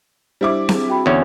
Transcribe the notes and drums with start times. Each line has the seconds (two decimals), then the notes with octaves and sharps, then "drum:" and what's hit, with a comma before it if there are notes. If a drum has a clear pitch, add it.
0.41 G3 D4 E4 C5 D6
0.69 C4 G#4, drum: snare C4
0.88 F#4 G5 B5
1.06 E2 D3 C#4